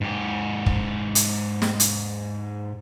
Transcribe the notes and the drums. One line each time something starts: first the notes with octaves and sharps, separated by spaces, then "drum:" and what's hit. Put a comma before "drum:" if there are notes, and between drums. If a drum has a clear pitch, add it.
G#2 G4
drum: kick
drum: hi-hat
drum: snare
drum: hi-hat